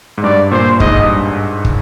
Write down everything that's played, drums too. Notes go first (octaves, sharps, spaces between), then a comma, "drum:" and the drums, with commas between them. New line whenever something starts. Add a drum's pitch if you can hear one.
G#2
G2 D5
A#2 C5
G#2 D#5, drum: kick
G2
drum: kick